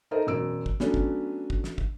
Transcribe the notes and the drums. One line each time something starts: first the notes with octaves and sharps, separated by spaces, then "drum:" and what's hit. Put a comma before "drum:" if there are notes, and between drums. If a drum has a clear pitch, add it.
D#4 A4 A#4 C5 D#5
E1 F#2 E6 D7
drum: kick
F#3 A3 B3 C#4 D4, drum: snare
drum: kick
drum: kick
drum: snare
drum: kick